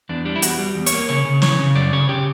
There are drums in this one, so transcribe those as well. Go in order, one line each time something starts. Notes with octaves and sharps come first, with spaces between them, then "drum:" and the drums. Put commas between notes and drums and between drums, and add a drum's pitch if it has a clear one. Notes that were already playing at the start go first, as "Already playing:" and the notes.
E2 D4
G3 D4
E4
E2 F#4, drum: hi-hat
G3
E2
C#5, drum: hi-hat
A#3
C#3 C#5
C#3
E3 C#5, drum: snare
C#3
F#2 D5
C#3 C#5
C#3 G4